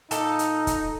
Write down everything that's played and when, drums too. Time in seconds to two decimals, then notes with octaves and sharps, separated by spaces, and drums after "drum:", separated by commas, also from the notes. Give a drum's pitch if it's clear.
0.11 A#2 D#4 A4 A5, drum: hi-hat
0.39 drum: hi-hat
0.67 drum: kick, hi-hat